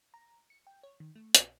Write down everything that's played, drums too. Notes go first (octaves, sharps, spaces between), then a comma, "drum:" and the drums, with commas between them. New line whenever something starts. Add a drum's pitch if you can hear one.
A#5
C#7
G5
C#5
D#3
A3
A#1, drum: hi-hat